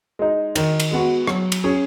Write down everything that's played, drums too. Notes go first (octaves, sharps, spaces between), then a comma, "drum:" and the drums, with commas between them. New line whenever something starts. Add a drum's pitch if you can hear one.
G#3 D#4
D#3, drum: cymbal
drum: cymbal
G#3 B3 F#4
F#3, drum: rim click
drum: cymbal
C#4 G#4